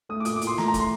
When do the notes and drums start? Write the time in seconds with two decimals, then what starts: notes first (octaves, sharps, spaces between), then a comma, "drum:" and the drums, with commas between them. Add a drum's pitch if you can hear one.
0.09 A3 D#6
0.20 D6
0.25 A#2 D#6, drum: hi-hat
0.36 D6
0.42 A#2, drum: hi-hat
0.47 C6
0.58 A3 A#5, drum: snare
0.68 A#5
0.74 A3, drum: kick, hi-hat
0.80 C6